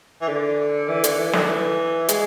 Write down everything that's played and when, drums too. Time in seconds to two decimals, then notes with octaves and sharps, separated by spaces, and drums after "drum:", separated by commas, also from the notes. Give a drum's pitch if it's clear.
0.21 E3
0.28 D3
0.88 E3
1.04 D3, drum: hi-hat
1.19 E3
1.33 D3, drum: snare
1.49 E3
2.08 G#3, drum: hi-hat